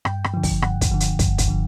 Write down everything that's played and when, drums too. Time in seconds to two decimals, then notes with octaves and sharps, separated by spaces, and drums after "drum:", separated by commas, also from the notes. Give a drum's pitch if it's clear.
0.05 G2 G5, drum: rim click
0.24 drum: rim click
0.34 D3 F3
0.43 drum: kick, open hi-hat
0.62 G2 F#5, drum: rim click
0.81 drum: kick, hi-hat
0.91 D3 F3
1.00 drum: hi-hat
1.19 G2, drum: kick, hi-hat
1.38 drum: kick, hi-hat
1.48 D3 F3